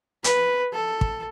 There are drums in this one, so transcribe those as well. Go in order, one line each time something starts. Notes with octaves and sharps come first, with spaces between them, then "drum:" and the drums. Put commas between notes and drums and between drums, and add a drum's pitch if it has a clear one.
B4, drum: hi-hat
A4
drum: kick